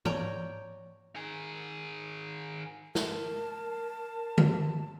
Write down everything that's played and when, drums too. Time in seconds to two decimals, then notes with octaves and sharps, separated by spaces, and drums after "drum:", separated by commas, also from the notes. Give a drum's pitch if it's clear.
0.05 C#5 D5 G5 A#5, drum: tom G#2
1.15 D#3 G#4
2.95 A#4 A5, drum: snare
4.38 drum: tom